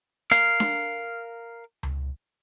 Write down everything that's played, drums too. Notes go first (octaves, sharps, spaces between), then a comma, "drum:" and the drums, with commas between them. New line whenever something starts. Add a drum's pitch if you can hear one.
A#4 F5, drum: hi-hat
drum: snare D4
drum: tom C#2